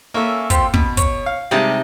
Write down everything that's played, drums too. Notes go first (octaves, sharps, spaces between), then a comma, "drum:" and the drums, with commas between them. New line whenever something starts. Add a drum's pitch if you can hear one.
A#3 C#4 A4 E5
C4 F4 G4, drum: kick, hi-hat
B2 B5, drum: kick
C#5, drum: kick, hi-hat
F5
C3 G3 G#3 D#4 F5 A5